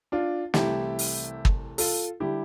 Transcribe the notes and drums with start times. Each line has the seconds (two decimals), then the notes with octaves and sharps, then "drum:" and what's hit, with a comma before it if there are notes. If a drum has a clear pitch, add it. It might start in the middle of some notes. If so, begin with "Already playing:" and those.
0.12 D4 F4
0.54 C2 C3 E3 A3 E4 G4, drum: snare
0.99 drum: open hi-hat
1.45 drum: kick
1.78 F4 A4, drum: open hi-hat
2.20 D3 G3 E4 G4